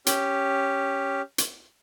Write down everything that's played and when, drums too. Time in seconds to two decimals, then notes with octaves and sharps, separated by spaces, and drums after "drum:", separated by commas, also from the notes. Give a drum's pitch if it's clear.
0.06 C#4 G4, drum: hi-hat
1.38 drum: hi-hat